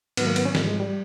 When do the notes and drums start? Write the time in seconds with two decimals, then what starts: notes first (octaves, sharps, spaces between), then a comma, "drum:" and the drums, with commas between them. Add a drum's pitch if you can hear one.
0.17 G#2 D#3 F#3 B3, drum: cymbal
0.27 A#3
0.36 B3, drum: cymbal
0.45 C#4
0.55 G#2 F3 G3, drum: snare
0.67 G#3
0.80 G3